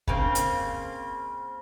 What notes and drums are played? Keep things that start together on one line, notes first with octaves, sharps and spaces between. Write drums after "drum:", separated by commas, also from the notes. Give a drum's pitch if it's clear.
C#3 A#3 C4, drum: kick
drum: hi-hat